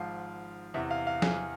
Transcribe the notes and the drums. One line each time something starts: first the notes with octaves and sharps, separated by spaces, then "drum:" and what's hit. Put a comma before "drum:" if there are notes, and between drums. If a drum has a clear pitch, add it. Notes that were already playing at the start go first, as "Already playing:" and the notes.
Already playing: G#1 G#2 F3 F5
E2 C3 E3 E5
F5
F5
G#5, drum: snare